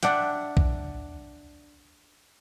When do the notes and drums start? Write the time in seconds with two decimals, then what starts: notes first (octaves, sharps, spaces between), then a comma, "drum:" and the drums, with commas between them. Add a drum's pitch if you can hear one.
0.03 D4 E5 F#5 G5, drum: hi-hat
0.57 drum: kick B1